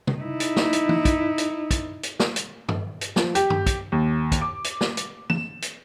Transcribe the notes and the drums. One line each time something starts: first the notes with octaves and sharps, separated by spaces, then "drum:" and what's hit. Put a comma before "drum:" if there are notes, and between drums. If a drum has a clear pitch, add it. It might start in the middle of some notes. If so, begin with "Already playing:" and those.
drum: tom C3
D#4 E4
drum: hi-hat
drum: snare
drum: hi-hat
drum: tom E3
drum: kick, hi-hat
drum: hi-hat
drum: kick, hi-hat
drum: hi-hat
drum: snare
drum: hi-hat
drum: tom G2
drum: hi-hat
F3, drum: snare
G4, drum: hi-hat
drum: tom G2
drum: kick, hi-hat
D#2
drum: kick, hi-hat
D6
drum: hi-hat
drum: snare
drum: hi-hat
E7, drum: tom E3
drum: hi-hat